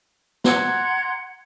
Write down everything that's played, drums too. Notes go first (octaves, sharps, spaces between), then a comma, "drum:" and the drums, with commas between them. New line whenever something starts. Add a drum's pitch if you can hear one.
F#5 A#5 C6 G#6, drum: snare